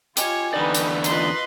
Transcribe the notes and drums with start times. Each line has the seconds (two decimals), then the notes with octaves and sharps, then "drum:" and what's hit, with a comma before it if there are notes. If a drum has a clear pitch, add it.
0.17 F4 G4 C#5 D#5 G#5, drum: hi-hat
0.54 E2 D3 D#4 B4 D5
0.75 drum: hi-hat
1.04 D#4 F4 B4 D#5 C6, drum: hi-hat